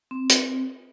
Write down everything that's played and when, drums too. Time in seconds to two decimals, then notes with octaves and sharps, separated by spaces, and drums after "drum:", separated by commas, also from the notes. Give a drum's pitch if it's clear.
0.11 C4
0.29 drum: hi-hat